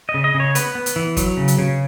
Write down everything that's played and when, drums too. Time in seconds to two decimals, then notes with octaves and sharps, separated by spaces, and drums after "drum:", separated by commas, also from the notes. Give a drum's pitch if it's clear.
0.09 D#5
0.14 C#3
0.24 D#5
0.34 C#3
0.40 C#5
0.55 B3 B4, drum: hi-hat
0.75 B3
0.86 drum: hi-hat
0.96 E3
1.17 F#3, drum: kick, hi-hat
1.37 C#3
1.48 drum: hi-hat
1.58 C#3